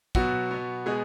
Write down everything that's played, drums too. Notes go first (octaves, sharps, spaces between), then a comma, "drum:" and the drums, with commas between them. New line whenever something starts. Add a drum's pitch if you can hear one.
B2 F#3 B3 F#4, drum: kick
B2 B3
B2 G#3 B3 G#4